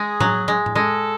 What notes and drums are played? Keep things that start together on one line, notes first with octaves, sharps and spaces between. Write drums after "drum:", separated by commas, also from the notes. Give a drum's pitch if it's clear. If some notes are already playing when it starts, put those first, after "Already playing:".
Already playing: G#3 G#4
F#3, drum: tom A2
G#3
drum: tom A2
G#3 A4